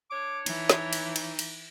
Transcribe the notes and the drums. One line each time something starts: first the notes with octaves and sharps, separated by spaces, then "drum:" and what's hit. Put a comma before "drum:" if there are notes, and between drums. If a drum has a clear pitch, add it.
D4 C#5 D6
E3 D#4, drum: cymbal
drum: snare
drum: cymbal
drum: cymbal
drum: cymbal